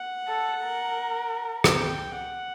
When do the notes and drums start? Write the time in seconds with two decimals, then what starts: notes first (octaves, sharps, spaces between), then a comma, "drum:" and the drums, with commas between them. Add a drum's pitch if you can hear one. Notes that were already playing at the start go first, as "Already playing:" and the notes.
Already playing: F#5
0.28 A4
0.66 A#4
1.64 drum: rim click
1.77 G5
2.13 F#5